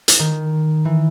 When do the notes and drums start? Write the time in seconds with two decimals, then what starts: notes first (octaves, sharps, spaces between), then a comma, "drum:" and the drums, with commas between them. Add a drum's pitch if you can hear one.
0.08 drum: hi-hat
0.19 D#3
0.85 E3